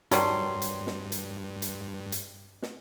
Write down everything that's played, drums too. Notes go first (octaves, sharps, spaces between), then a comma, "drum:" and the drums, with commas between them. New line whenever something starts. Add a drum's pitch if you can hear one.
G2 D#3 F#3 G3 C6, drum: hi-hat
drum: hi-hat
drum: snare
drum: hi-hat
drum: hi-hat
drum: hi-hat
drum: snare